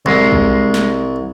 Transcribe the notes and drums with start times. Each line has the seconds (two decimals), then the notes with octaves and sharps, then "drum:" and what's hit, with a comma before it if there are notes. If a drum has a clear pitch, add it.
0.06 C2 G#3
0.32 drum: kick
0.74 drum: snare